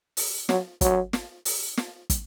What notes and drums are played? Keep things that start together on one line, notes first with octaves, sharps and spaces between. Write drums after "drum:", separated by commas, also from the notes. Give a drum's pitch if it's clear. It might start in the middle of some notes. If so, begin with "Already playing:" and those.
drum: open hi-hat
F#3, drum: snare
F#3, drum: kick, hi-hat
drum: snare
drum: open hi-hat
drum: snare
drum: kick, hi-hat